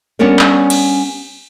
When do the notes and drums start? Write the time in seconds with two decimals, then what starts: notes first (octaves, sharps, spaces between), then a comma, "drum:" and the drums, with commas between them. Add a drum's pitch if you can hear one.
0.19 G3 B3 C#4 D4 A#4 C#5
0.39 drum: clap
0.70 drum: cymbal